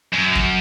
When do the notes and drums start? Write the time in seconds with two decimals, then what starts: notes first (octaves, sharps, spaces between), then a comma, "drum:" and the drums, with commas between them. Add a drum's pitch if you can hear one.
0.13 F#2
0.35 drum: kick